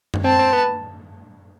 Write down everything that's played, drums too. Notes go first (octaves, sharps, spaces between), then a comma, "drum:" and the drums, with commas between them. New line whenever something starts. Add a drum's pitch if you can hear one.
drum: tom F#2
C4 A5
C4
B3